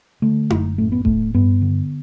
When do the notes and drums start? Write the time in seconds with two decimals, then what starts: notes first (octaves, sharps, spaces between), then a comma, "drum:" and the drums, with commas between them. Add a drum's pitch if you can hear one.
0.22 D3 A3
0.50 F#1, drum: tom D#4
0.78 A1 A3
0.92 B3
1.05 A2 A3, drum: kick D#1
1.34 G2 B3
1.62 D3